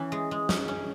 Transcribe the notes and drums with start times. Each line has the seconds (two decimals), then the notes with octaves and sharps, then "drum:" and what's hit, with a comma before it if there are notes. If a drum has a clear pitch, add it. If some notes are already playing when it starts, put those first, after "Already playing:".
Already playing: E3 C#4
0.12 G#3
0.31 G#3
0.49 C#4, drum: snare
0.68 C#4